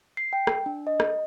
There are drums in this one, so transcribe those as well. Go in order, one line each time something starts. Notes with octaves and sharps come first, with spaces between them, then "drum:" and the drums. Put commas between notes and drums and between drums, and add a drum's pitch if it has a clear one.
C7
G5
drum: rim click
D4
D#5
drum: rim click